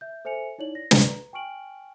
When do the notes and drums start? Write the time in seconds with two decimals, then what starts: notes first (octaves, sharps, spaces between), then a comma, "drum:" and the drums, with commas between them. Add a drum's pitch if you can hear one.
0.01 E5 G6
0.25 A4 C5 E5 G#5 C#7 F7
0.58 D#4 E4 C#5 D5 F#7
0.75 A#6
0.91 B4 A#5, drum: snare
1.33 G5 G#5 C#6 F6 D7 F#7